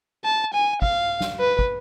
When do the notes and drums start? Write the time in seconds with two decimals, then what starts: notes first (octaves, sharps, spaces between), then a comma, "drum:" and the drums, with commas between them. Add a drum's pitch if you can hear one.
0.25 A5
0.54 G#5
0.82 F5, drum: kick
1.21 drum: snare
1.40 B4
1.59 drum: kick